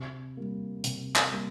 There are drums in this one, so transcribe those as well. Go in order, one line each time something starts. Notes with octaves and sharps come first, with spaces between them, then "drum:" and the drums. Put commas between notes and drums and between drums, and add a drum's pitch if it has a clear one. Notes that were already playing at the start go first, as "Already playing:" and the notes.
Already playing: C3
G3 A#3
C3, drum: hi-hat
drum: clap
G3 A#3